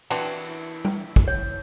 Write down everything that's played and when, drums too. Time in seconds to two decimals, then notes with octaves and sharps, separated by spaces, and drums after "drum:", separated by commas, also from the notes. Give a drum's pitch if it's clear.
0.10 E3 F#3 C4 D4, drum: cymbal
0.85 drum: tom G3
1.16 drum: kick
1.28 C#5